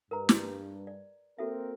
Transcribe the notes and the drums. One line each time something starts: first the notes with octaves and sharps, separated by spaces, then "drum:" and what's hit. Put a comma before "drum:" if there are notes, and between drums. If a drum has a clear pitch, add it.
G2 A#4 B4 A#5
drum: snare
D5
A#3 C4 F#4 A4 A#4 E5